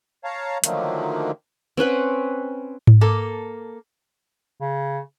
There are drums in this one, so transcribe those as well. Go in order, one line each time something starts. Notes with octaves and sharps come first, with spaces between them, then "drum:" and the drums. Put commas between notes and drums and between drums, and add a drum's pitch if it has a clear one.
C#5 F5 A5 A#5
D3 D#3 F3 F#3 A3 A#3, drum: hi-hat
C4 C#4 B4 F#5
drum: tom G#2
A#3 A4
C#3